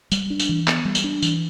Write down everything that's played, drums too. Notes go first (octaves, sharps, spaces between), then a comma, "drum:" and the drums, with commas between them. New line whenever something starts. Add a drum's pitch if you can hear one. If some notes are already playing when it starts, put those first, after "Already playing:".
G3, drum: tambourine
D4
drum: tambourine
E3
B3, drum: clap
G3
drum: tambourine
D4
E3, drum: tambourine